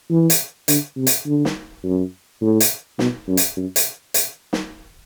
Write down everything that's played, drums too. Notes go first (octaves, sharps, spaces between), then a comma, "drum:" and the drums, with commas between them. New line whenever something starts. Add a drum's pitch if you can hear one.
E3
drum: hi-hat
D3, drum: hi-hat
C3
drum: hi-hat
D3
drum: snare
F#2
A2
drum: hi-hat
B2, drum: snare
F#2
drum: hi-hat
F#2
drum: hi-hat
drum: hi-hat
drum: snare